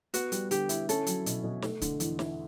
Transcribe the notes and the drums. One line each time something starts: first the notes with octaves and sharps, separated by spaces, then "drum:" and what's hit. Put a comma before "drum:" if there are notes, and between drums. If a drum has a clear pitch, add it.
B3 F#4, drum: hi-hat
G3, drum: hi-hat
D3 G4, drum: hi-hat
E4, drum: hi-hat
C#4 A4, drum: hi-hat
F#3, drum: hi-hat
B2, drum: hi-hat
B2
A3, drum: snare
D3, drum: kick D1, hi-hat
E2, drum: hi-hat
E4, drum: snare